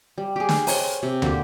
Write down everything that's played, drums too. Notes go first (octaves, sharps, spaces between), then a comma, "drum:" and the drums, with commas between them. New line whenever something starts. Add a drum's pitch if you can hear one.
G3
G4 G#4
drum: snare
C5 C#5 C6, drum: open hi-hat
C3
D3 A#3 F#4 G4, drum: tom